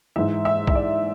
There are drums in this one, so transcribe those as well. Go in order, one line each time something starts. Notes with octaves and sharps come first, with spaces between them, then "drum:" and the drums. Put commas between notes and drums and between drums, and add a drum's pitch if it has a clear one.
G#2 E3 E5
E5
E5, drum: kick
D5